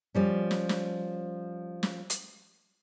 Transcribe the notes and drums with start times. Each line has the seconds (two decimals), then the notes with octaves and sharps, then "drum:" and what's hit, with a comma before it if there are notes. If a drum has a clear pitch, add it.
0.15 F3 G3 C#4
0.51 drum: snare
0.69 drum: snare
1.83 drum: snare
2.10 drum: hi-hat